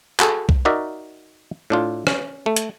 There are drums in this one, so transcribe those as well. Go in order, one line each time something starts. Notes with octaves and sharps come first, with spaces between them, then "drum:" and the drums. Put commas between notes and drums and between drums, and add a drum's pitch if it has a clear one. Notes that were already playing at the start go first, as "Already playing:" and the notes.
F#4 G#4 A4, drum: clap
drum: kick B1
D#4 F#4 A#4 D5 E5
A2 D4 F4
C#4, drum: rim click
A3
drum: hi-hat